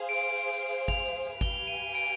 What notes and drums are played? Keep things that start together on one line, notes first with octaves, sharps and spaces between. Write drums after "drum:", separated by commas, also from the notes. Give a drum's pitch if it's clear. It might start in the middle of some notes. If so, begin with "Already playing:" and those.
Already playing: G#4 C5 F5
D7
drum: tambourine
drum: tambourine
F7, drum: kick G#1, tambourine
drum: tambourine
drum: tambourine
G4 B4 F5 G#5 G7, drum: kick G#1, tambourine
F7
D#7
D#7
D7, drum: tambourine